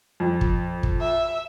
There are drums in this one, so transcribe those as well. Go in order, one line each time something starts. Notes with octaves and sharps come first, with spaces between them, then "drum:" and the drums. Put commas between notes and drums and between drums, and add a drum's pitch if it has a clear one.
F2
drum: kick
drum: kick
E5